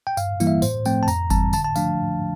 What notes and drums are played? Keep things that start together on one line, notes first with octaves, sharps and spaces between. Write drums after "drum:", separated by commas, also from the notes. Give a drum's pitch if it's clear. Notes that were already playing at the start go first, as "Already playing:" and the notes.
G5
G2 F5, drum: tambourine
E3 G3 A#3 E4, drum: tambourine
E5
A2 C5, drum: tambourine
F3 A3 C4 G5, drum: tambourine
A5
F2 A#5, drum: tambourine
E3 G3 C4 A5, drum: kick F#1, tambourine
D3 A5, drum: tambourine
A5
F3 A3 D4 F5, drum: tambourine